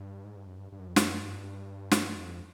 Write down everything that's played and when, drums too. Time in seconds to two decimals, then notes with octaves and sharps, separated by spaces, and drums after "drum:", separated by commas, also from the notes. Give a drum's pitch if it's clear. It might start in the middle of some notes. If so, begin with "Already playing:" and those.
Already playing: G2
0.25 G#2
0.36 G2
0.47 F#2
0.58 G2
0.72 G2
0.79 F#2
0.88 F2
0.96 F#2, drum: snare
1.20 G2
1.92 drum: snare
2.16 F2